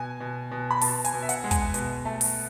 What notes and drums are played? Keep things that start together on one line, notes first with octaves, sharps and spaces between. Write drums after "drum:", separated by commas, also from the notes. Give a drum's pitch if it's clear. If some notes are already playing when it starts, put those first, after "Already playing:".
Already playing: B2 G#5
B2
B2
B5
B2 A5, drum: open hi-hat
G#5, drum: hi-hat
B2
E5
F#5, drum: hi-hat
G#3
G#5, drum: kick, hi-hat
B2, drum: hi-hat
A3 A5
drum: open hi-hat